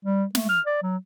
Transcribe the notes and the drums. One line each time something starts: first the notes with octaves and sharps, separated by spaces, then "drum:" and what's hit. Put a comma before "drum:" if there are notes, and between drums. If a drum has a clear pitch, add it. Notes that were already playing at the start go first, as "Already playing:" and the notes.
G3
A3, drum: snare
F6
D5
F#3